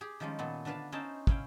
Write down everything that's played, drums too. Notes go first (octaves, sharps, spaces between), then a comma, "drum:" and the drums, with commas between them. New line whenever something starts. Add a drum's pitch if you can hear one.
G4 G#4
D#3 F3 G3 G#3 C#4
A#2 D#3 B3 A4
D3 D4 B4 F5 A5
C#4 D#4 E4 C5 G5 A5
C#4 E4 F5 G5, drum: kick